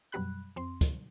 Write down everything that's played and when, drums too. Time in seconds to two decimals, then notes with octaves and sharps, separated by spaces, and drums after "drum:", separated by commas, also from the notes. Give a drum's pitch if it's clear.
0.12 F#2 B2 F#3 G3 B5 F#6
0.56 F2 C4 C6
0.81 drum: kick, hi-hat